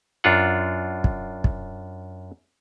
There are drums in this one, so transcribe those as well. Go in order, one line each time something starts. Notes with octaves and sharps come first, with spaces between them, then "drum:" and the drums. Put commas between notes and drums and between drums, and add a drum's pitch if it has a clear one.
F#2 D4 F4 F#5
drum: kick
drum: kick